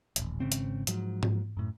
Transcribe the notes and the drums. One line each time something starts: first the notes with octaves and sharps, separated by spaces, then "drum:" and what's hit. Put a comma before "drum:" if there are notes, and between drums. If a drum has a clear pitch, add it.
D#1 A1, drum: hi-hat
G#1 G#2 C#3 C4
drum: hi-hat
G#2 F3 F#3, drum: hi-hat
drum: tom G#2
F#2 A2